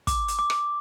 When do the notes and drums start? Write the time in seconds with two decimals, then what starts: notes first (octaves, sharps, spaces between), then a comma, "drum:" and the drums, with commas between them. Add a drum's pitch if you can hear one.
0.07 D6, drum: kick, hi-hat
0.28 drum: hi-hat
0.39 D6
0.50 drum: rim click